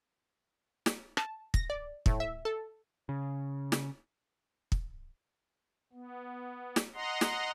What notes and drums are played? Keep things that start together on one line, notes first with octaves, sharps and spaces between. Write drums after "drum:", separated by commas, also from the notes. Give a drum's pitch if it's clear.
drum: snare
A5, drum: rim click
A#6, drum: kick
D5
A2, drum: kick
E5
A4
C#3
drum: snare
drum: kick
B3
drum: snare
D#5 F#5 A#5 C6
drum: snare